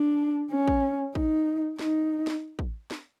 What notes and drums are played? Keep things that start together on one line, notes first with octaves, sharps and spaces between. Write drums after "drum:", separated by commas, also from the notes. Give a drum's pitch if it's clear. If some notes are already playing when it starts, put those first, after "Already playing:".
Already playing: D4
C#4
drum: kick
D#4, drum: kick
D#4, drum: snare
drum: snare
drum: kick
drum: snare